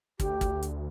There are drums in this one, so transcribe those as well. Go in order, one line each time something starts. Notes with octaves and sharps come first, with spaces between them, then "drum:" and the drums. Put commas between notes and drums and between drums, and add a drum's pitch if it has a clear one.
D2 G4, drum: kick, hi-hat
drum: kick, hi-hat
drum: hi-hat